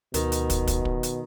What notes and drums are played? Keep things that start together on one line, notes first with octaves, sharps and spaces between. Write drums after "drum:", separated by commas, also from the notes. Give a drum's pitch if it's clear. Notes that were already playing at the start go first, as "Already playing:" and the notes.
D2 B2 D#3, drum: hi-hat
drum: hi-hat
drum: kick, hi-hat
drum: kick, hi-hat
drum: kick
drum: hi-hat